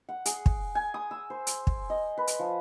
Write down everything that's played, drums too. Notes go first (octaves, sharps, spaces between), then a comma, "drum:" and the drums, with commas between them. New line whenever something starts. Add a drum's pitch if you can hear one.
F#5
G#4, drum: hi-hat
drum: kick
G#5
D#6
E6
C5
drum: hi-hat
drum: kick
D#5
B4
drum: hi-hat
F3